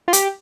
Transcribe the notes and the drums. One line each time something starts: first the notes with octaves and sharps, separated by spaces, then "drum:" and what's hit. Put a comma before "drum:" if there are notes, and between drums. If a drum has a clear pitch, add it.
F4
G4, drum: hi-hat